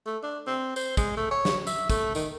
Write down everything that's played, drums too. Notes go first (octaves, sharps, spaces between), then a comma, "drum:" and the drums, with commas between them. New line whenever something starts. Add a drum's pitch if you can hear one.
A3
D4
C4
C5, drum: tambourine
G#3, drum: kick, tambourine
A3
C#5
drum: snare
E5, drum: tambourine
A3, drum: kick, tambourine
D#3, drum: tambourine